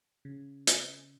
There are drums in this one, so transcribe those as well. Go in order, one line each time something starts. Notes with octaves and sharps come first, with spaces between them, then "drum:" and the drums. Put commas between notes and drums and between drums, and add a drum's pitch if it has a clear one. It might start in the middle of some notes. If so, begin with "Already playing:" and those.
C#3
drum: hi-hat